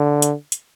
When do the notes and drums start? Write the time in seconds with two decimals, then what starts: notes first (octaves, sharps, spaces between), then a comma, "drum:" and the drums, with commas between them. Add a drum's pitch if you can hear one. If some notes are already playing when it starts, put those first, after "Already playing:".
Already playing: D3
0.22 drum: hi-hat
0.52 drum: hi-hat